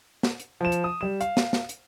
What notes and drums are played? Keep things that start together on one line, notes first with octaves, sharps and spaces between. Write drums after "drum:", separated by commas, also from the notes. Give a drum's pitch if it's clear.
drum: snare
drum: hi-hat
F3 E7
drum: hi-hat
D#6
G3 E7
F5, drum: hi-hat
drum: snare
drum: snare
drum: hi-hat